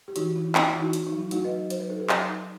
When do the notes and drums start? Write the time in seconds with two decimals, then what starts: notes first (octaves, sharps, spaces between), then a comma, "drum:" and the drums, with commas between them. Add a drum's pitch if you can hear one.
0.08 G4
0.16 E3 D#4 F#4, drum: hi-hat
0.36 E3 E4
0.55 D#4, drum: clap
0.68 E4
0.74 E3
0.80 D#4 F#4
0.93 D#4, drum: hi-hat
1.07 D#4
1.12 F#3
1.19 E4
1.31 A3 D#4 F#4, drum: hi-hat
1.44 B4 D#5
1.51 F#3
1.70 F#3 C5, drum: hi-hat
1.80 B4
1.90 D#4 A4
2.00 G4 B4
2.09 F#3, drum: clap
2.28 D#4